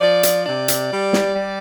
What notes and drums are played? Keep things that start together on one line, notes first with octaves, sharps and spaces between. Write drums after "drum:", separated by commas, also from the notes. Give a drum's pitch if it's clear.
F3 D5
drum: hi-hat
C3 D5
drum: hi-hat
G3
drum: snare
G3